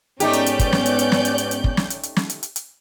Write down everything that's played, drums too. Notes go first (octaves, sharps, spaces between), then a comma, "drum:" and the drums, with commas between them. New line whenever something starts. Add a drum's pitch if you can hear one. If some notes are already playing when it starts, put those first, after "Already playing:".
G#2 A3 B3 C#4 D#4 G4 D5 G6, drum: hi-hat
drum: hi-hat
drum: hi-hat
drum: kick, hi-hat
drum: snare
drum: hi-hat
drum: hi-hat
drum: snare
drum: hi-hat
drum: hi-hat
drum: hi-hat
drum: kick
drum: snare
drum: hi-hat
drum: hi-hat
drum: snare
drum: hi-hat
drum: hi-hat
drum: hi-hat